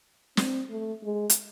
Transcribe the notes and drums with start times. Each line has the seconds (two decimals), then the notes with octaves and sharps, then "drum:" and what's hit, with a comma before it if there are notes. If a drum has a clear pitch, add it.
0.37 C4, drum: snare
0.70 A3
1.03 G#3
1.30 drum: hi-hat